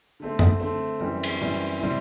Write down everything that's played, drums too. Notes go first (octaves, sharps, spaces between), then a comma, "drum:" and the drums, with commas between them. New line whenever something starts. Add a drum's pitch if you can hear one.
D3 A3 C4
drum: tom F#2
D3 A3 C4
F#2 E3 G3 C4
drum: cymbal
F#2 E3 G3 C4
C3 G3 C4 E4